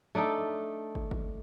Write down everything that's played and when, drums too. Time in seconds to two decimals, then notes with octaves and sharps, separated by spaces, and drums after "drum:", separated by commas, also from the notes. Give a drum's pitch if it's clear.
0.15 A3 D4 D#4 A4
0.95 drum: kick
1.11 drum: kick